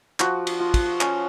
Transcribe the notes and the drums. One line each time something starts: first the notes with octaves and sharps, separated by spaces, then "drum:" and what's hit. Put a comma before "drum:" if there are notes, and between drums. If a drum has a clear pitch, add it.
F3 F#4, drum: clap
drum: cymbal
F4
drum: kick, cymbal
C#4, drum: clap